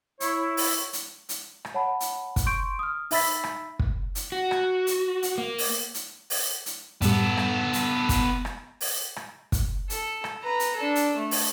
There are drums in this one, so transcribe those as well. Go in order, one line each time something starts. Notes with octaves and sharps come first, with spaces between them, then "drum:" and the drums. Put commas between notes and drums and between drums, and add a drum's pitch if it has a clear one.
E4 C#5, drum: hi-hat
drum: open hi-hat
drum: hi-hat
drum: hi-hat
drum: rim click
C#5 F#5 A5 B5
drum: hi-hat
drum: kick, hi-hat
C6 C#6 G6 D7
D#6 F6
D#4 E5 B5 E6 A6 B6, drum: open hi-hat
drum: rim click
drum: kick
drum: hi-hat
F#4
drum: rim click
drum: hi-hat
drum: hi-hat
A#3
drum: open hi-hat
drum: hi-hat
drum: open hi-hat
drum: hi-hat
F#2 A2 G3 B3 A4, drum: hi-hat
drum: rim click
drum: hi-hat
drum: kick, hi-hat
drum: rim click
drum: open hi-hat
drum: rim click
drum: kick, hi-hat
A4, drum: hi-hat
drum: rim click
B4 A#5
drum: hi-hat
D4 A4
drum: hi-hat
A3
drum: open hi-hat